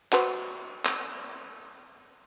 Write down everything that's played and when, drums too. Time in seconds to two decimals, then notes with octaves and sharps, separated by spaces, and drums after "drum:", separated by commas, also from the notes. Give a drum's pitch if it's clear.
0.13 F#4 B4 C5, drum: clap
0.85 drum: clap